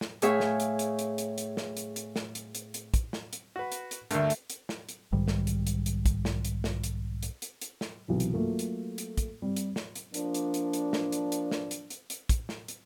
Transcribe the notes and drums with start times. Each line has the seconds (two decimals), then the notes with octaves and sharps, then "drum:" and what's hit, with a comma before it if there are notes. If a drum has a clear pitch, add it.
0.01 drum: snare
0.22 A2 G#4 C#5 E5 F5, drum: hi-hat
0.40 drum: snare
0.60 drum: hi-hat
0.79 drum: hi-hat
0.99 drum: hi-hat
1.18 drum: hi-hat
1.38 drum: hi-hat
1.57 drum: snare
1.77 drum: hi-hat
1.96 drum: hi-hat
2.16 drum: snare
2.35 drum: hi-hat
2.55 drum: hi-hat
2.74 drum: hi-hat
2.94 drum: kick, hi-hat
3.13 drum: snare
3.33 drum: hi-hat
3.56 F#4 B4
3.72 drum: hi-hat
3.91 drum: hi-hat
4.11 D2 G2 A3 A#3, drum: hi-hat
4.30 drum: hi-hat
4.50 drum: hi-hat
4.69 drum: snare
4.89 drum: hi-hat
5.13 B1 G#2 D#3 G3
5.28 drum: snare
5.47 drum: hi-hat
5.67 drum: hi-hat
5.86 drum: hi-hat
6.06 drum: kick, hi-hat
6.25 drum: snare
6.45 drum: hi-hat
6.64 drum: snare
6.84 drum: hi-hat
7.23 drum: hi-hat
7.42 drum: hi-hat
7.62 drum: hi-hat
7.81 drum: snare
8.08 B1 C3 E3
8.20 drum: hi-hat
8.33 F#3 A3 A#3 F4
8.59 drum: hi-hat
8.98 drum: hi-hat
9.17 drum: kick, hi-hat
9.42 G3 C4
9.56 drum: hi-hat
9.76 drum: snare
9.95 drum: hi-hat
10.14 F3 A#3 D4, drum: hi-hat
10.34 drum: hi-hat
10.54 drum: hi-hat
10.73 drum: hi-hat
10.93 drum: snare
11.12 drum: hi-hat
11.32 drum: hi-hat
11.51 drum: snare
11.71 drum: hi-hat
11.90 drum: hi-hat
12.10 drum: hi-hat
12.29 drum: kick, hi-hat
12.49 drum: snare
12.68 drum: hi-hat